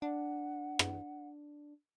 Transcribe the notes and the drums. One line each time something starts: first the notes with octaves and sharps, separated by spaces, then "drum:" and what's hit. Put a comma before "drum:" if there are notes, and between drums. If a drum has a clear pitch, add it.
D4 F#5
drum: rim click